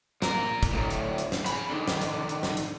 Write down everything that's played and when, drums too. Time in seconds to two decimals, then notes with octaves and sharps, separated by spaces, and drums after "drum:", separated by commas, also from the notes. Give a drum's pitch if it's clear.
0.22 A#2 A#4, drum: snare
0.63 drum: kick, hi-hat
0.73 D2 A2
0.90 drum: hi-hat
1.18 drum: hi-hat
1.32 drum: snare
1.46 G#4 B5, drum: hi-hat
1.70 D3 D#3
1.88 drum: snare
2.01 drum: hi-hat
2.29 drum: hi-hat
2.43 drum: snare
2.57 drum: hi-hat